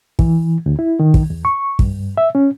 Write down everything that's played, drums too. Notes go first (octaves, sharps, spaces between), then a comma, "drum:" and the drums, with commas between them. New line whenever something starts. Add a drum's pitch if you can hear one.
E3, drum: kick
D2
E4
D#3
drum: kick
E2
C#6
G2, drum: kick
E5
C#4